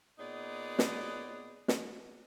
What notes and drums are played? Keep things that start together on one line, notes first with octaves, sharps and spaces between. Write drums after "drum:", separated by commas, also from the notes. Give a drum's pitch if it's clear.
A#2 B3 D#4 G#4 C#5 D5
drum: snare
drum: snare